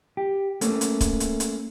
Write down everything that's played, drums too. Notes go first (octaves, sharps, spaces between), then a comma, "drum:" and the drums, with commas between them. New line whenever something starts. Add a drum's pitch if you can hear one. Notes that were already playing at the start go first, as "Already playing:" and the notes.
G4
A3 A#3 C#4, drum: hi-hat
drum: hi-hat
drum: kick, hi-hat
drum: hi-hat
drum: hi-hat